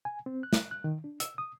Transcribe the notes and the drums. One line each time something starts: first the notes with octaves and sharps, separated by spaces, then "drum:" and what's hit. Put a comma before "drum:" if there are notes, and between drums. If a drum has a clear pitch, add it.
G#5
C4
F#6
drum: snare
F#6
D#3
D4
E6, drum: hi-hat
D#6